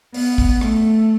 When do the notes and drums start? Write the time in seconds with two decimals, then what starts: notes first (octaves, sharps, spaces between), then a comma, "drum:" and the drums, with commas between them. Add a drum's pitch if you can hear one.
0.14 B3, drum: open hi-hat
0.38 drum: kick
0.61 A3, drum: rim click